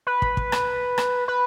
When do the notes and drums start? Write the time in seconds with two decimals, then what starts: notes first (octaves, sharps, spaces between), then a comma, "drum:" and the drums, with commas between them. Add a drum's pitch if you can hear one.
0.07 B4
0.22 drum: kick
0.37 drum: kick
0.52 drum: rim click
0.98 drum: rim click
1.28 B4